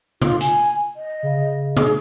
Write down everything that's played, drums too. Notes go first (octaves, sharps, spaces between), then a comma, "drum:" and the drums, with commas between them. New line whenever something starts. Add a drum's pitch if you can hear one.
F4, drum: tom C3
G#5, drum: hi-hat
D#5
C#3
G#4, drum: tom C3